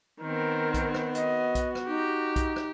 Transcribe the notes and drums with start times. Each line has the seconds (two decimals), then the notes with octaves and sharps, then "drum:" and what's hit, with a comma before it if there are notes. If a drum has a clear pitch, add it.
0.21 D#3 B3 C4 A#4
0.74 drum: kick B1, hi-hat
0.94 drum: rim click
1.15 F#4 D#5, drum: hi-hat
1.55 drum: kick B1, hi-hat
1.75 drum: rim click
1.87 D#4 G4
2.36 drum: kick B1, hi-hat
2.56 drum: rim click